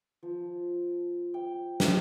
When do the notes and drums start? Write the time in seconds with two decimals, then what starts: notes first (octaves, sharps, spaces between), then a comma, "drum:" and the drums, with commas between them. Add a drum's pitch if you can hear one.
0.23 F3
1.34 G5
1.80 drum: snare